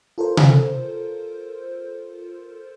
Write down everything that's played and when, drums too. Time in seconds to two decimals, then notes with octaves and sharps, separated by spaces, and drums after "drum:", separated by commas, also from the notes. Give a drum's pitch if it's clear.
0.18 F4 A4 A#4 C5
0.37 drum: tom C3